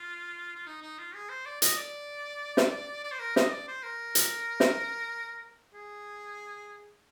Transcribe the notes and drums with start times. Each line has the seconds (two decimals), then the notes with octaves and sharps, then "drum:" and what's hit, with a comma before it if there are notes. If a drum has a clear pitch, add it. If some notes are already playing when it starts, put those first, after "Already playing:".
Already playing: F4
0.56 F4
0.67 D#4
0.82 D#4
0.98 F4
1.14 G#4
1.29 C5
1.46 D5
1.62 D#5, drum: hi-hat
1.77 D5
2.57 drum: snare
3.04 D5
3.12 C5
3.20 A#4
3.36 D#5, drum: snare
3.52 D5
3.68 C5
3.83 A#4
4.15 drum: hi-hat
4.60 drum: snare
5.74 G#4